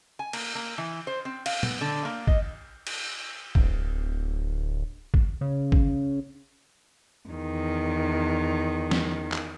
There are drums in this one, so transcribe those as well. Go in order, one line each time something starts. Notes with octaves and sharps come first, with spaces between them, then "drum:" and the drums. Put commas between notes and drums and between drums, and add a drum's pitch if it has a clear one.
G#5
A#3, drum: cymbal
A#3
E3
C5
C4
F5, drum: cymbal
B3, drum: tom
D3
A#3
D#5, drum: kick
drum: cymbal
D1, drum: kick
drum: kick
C#3
drum: kick
E2 D#3
drum: snare
drum: clap